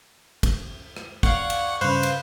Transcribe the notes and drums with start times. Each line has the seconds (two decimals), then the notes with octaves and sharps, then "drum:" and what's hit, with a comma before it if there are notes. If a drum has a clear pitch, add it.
0.43 drum: kick, cymbal
0.97 drum: rim click
1.23 C#5 D5 F5 F#5 C#6, drum: kick
1.50 drum: cymbal
1.81 G2 C#3 B4 C5 F5
2.03 drum: cymbal